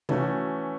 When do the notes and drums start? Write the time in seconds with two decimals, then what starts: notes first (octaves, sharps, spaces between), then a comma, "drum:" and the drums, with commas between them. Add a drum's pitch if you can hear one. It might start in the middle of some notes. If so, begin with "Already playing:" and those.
0.09 E3 A3 C#4 F#4, drum: tom C3